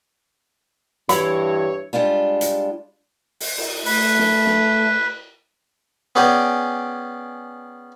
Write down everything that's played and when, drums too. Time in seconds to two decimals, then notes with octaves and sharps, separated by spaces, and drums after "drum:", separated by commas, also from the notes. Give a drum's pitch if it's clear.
1.09 G2 E3 C#5 B5, drum: hi-hat
1.93 G3 G#3 D4 F4
2.41 drum: hi-hat
3.40 drum: open hi-hat
3.58 drum: cymbal
3.86 A3 B4, drum: open hi-hat
4.19 drum: snare
4.46 drum: snare
6.15 B3 C#4 G#4 D5 G5